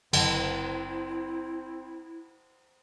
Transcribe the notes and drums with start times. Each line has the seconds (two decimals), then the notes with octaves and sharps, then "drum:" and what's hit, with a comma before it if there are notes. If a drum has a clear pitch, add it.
0.13 F#1 D3 F#3 C4 E4, drum: cymbal